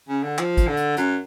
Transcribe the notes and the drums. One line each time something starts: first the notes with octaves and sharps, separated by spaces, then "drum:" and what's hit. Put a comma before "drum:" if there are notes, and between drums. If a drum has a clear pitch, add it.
C#3
D3
F3, drum: clap
drum: kick, hi-hat
D3
drum: hi-hat
F#2, drum: hi-hat